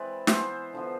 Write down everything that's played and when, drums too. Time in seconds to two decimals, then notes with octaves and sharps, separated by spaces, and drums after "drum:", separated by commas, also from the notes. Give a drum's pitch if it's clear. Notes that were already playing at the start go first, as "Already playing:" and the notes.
Already playing: E3 G#3 C4 B4 D5
0.27 E3 B3 C5 E5, drum: snare
0.73 D3 F3 B3